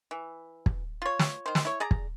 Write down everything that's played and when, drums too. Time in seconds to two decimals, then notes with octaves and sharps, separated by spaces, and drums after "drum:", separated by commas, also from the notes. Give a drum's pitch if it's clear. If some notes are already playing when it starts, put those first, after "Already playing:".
0.11 E3
0.66 drum: kick
1.02 F4 C#5
1.19 drum: snare
1.46 D#3 C5
1.55 drum: snare
1.65 E4 C#5
1.80 G#4 D5 A#5
1.91 drum: kick